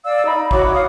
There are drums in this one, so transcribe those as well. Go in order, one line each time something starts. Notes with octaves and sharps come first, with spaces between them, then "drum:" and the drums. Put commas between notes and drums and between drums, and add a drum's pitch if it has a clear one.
D5 F5 E6
D#4 B5
E4 F#4 C#5 D6, drum: kick
F5 D#6